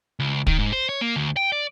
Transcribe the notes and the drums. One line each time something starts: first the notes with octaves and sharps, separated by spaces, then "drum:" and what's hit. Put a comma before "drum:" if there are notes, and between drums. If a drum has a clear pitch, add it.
C#2
D#3, drum: kick
G#2
C5
C#5
A#3
D2
G5
D5